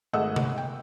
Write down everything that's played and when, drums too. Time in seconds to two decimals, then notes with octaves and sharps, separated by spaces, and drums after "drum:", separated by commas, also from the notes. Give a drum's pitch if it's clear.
0.13 G#1 A3 G#4 D#5 F#5 E6
0.36 drum: tom C3
0.58 G5